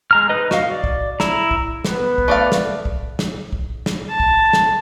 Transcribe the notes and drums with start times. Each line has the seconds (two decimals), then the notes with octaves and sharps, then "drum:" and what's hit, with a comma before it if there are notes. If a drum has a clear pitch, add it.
0.11 G#3 A#5 F6
0.29 D#4 B4 D#5
0.51 F#4 D#5 F5, drum: snare
0.71 D5
0.84 drum: kick
1.20 E4 A#5, drum: snare
1.51 drum: kick
1.85 B3 B4, drum: snare
2.18 drum: kick
2.28 A3 D5 F5
2.52 drum: snare
2.85 drum: kick
3.19 drum: snare
3.53 drum: kick
3.86 drum: snare
4.10 A5
4.20 drum: kick
4.53 drum: snare